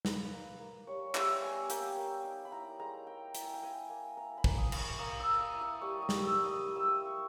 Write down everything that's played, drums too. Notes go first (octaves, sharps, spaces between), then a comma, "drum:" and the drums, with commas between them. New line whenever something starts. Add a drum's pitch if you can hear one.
A#3 B4, drum: snare
A#3
A#3
G3 C#5
G3 E5, drum: clap
B3 G#5
A#3 G5, drum: hi-hat
A#3
D#4
B5
E4 A#5
G#3 A#5
E4 G5
E4 A#5, drum: hi-hat
G#5
G5
E4 G#5
A#3
E4 A#5
B5
A#3, drum: kick
D#6
A#3, drum: cymbal
C#6
A#3 D#6
E6
A#3
D#6
E4
D#6
G3 C#6
D#6
G3, drum: snare
D#6
E6
D#4
D#6
E4 D#6
E6
E4 D#6
C#6